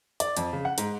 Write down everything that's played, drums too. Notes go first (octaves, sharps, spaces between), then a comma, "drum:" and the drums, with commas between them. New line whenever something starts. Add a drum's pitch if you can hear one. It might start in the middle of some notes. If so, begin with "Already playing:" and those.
D5, drum: hi-hat
F2, drum: hi-hat
C#3
F#5
G#2, drum: hi-hat